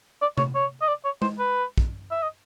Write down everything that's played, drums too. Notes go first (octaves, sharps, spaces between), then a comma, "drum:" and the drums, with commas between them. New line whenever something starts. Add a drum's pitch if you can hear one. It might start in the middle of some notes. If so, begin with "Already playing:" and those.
D5
C#5, drum: tom C3
C#5
D#5
D5
C#5
C5, drum: tom G#3
B4
drum: kick
E5
D#5